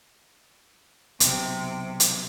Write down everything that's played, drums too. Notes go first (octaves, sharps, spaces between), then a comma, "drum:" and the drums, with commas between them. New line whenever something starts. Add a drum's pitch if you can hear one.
B1 C3, drum: hi-hat
drum: hi-hat